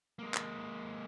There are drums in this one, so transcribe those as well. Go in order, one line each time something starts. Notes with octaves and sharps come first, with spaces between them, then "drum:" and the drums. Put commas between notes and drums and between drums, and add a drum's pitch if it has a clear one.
G#3 A#3
drum: clap